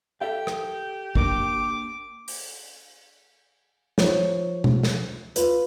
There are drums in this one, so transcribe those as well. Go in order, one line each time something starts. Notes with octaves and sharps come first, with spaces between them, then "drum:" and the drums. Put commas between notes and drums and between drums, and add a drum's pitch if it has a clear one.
G4 A4 E5 F5
drum: rim click
A#3 D4 A#4 D6, drum: kick
drum: open hi-hat
F3 C#5, drum: snare
drum: tom B2
drum: snare
F4 B4, drum: hi-hat